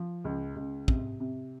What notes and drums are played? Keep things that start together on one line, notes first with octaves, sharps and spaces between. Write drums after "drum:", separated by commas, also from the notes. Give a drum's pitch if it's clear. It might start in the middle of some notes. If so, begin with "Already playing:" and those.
Already playing: F3
C#2
C#2
C3, drum: kick
C3